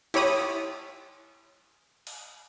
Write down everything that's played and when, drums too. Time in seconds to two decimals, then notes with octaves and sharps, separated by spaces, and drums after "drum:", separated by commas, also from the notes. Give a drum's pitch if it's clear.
0.14 E4 G4 C#5 B5 D#6, drum: cymbal
2.07 drum: open hi-hat